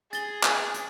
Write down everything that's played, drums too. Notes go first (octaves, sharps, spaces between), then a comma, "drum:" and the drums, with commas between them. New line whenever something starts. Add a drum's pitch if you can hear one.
G#4 A6 G7, drum: hi-hat
drum: clap
drum: hi-hat